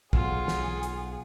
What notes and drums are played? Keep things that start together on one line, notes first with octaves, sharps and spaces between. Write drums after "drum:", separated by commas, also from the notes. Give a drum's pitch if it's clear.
B1 F4 G#4 F#5, drum: kick
drum: snare
drum: hi-hat